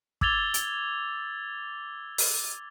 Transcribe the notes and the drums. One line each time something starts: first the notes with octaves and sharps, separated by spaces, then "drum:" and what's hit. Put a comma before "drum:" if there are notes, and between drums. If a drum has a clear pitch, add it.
D6 E6 G#6 A6 F7 G7, drum: kick
drum: hi-hat
drum: open hi-hat